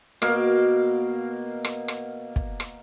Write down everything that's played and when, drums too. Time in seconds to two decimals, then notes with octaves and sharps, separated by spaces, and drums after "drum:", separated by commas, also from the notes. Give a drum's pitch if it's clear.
0.22 B2 A#3 F5, drum: rim click
1.65 drum: rim click
1.88 drum: rim click
2.36 drum: kick
2.60 drum: rim click